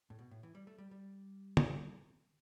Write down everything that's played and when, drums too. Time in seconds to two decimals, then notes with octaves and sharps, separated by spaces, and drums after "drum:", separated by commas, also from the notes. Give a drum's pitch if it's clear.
0.10 A2
0.19 B2
0.31 A2
0.43 E3
0.55 G3
0.67 A3
0.78 G3
0.91 G3
1.57 drum: tom